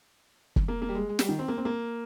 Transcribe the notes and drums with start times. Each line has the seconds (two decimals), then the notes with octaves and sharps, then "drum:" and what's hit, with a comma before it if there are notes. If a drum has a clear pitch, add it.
0.56 drum: kick
0.68 A#3
0.82 A#3
0.89 G3
0.95 G#3
1.09 G#3
1.19 G3, drum: snare
1.29 D#3
1.39 C4
1.48 A#3
1.57 C4
1.65 A#3